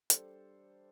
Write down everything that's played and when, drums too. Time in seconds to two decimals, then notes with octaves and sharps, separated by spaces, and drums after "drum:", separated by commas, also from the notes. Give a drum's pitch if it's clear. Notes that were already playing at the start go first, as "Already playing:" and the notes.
0.10 G3 D4 A4 C5, drum: hi-hat